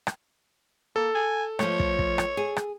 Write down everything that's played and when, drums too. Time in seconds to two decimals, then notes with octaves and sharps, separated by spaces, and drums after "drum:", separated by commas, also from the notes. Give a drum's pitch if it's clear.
0.07 drum: rim click
0.96 A#3 A4
1.15 G#5
1.59 F3 A3 C#5, drum: rim click
1.80 drum: kick
1.99 drum: kick
2.18 drum: rim click
2.37 G#4
2.56 drum: rim click